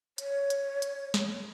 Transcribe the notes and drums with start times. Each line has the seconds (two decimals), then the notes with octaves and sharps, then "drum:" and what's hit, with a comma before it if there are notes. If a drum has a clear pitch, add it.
0.18 C#5, drum: hi-hat
0.50 drum: hi-hat
0.82 drum: hi-hat
1.14 drum: snare